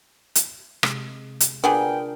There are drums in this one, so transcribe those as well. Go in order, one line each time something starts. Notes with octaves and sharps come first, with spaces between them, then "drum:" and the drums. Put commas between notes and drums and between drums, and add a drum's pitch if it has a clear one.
drum: hi-hat
C3 G#3, drum: rim click
drum: hi-hat
B3 D4 F4 G4 G#4 A#4 G5